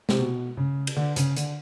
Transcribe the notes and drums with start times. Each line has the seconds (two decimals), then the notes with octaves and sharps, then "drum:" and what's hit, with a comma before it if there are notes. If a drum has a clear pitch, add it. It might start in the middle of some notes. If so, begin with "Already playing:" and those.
0.09 C3, drum: snare
0.19 B2
0.57 C#3
0.87 drum: cymbal
0.97 D3
1.16 C#3, drum: hi-hat
1.36 D3, drum: hi-hat